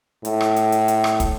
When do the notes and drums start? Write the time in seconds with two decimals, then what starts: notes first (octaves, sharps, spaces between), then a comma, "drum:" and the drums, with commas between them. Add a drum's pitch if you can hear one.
0.25 A2, drum: hi-hat
0.41 drum: rim click
0.56 drum: hi-hat
0.72 drum: hi-hat
0.88 drum: hi-hat
1.04 drum: rim click
1.20 drum: kick, hi-hat